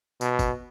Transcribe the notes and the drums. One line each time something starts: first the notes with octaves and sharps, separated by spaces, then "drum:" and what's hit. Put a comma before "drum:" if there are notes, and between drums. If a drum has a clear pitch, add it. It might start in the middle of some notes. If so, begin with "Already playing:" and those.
B2, drum: tambourine
drum: kick, tambourine